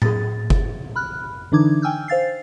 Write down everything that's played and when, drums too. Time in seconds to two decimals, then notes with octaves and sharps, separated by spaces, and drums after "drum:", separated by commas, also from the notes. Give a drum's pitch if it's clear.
0.02 G#4 A6, drum: tom A2
0.50 drum: kick F#1
0.95 B5 F6 F#6
1.52 D3 E3 D4 D#4 D6 G#6
1.82 G5 G#5 E6 F6 G6
2.08 C5 F5 A6 C7